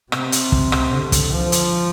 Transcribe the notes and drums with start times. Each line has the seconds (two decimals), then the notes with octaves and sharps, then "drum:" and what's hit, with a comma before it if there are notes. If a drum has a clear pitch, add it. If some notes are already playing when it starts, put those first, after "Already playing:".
0.12 C3, drum: rim click
0.32 drum: hi-hat
0.52 drum: kick
0.72 drum: rim click
0.92 D3
1.12 drum: kick, hi-hat
1.32 F3
1.52 drum: hi-hat